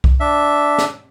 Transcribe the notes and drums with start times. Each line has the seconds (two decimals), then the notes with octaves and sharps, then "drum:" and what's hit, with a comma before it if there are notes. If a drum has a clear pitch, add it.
0.04 drum: kick C2
0.20 D4 E5
0.78 drum: snare